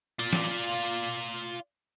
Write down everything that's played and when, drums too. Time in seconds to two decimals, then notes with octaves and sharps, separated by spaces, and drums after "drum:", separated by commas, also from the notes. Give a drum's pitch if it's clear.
0.19 F4 D5
0.33 drum: snare